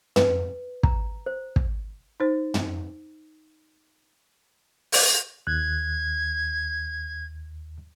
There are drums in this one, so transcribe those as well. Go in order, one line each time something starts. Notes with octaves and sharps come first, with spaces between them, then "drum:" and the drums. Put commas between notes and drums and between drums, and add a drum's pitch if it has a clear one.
B4, drum: tom
A#5, drum: kick
C5
drum: kick
D#4 C5
drum: tom
drum: open hi-hat
D#2 F#6 G#6